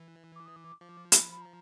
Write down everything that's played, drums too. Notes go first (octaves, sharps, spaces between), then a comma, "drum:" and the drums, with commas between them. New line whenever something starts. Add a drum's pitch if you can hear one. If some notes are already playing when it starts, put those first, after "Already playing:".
Already playing: E3
D6
D#6
D6
F3 D6
B5, drum: hi-hat
B5
A#5